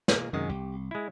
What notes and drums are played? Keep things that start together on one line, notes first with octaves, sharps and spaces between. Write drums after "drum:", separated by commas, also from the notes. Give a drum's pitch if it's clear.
G#3 A#3, drum: snare
F#2 C3 D#3 G#3
C2 G4
G#3 E4